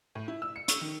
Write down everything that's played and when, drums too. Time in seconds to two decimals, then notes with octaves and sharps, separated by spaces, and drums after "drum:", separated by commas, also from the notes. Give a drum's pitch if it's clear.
0.15 A2
0.28 E4
0.42 E6
0.56 C#7
0.68 C#6, drum: hi-hat
0.81 D#3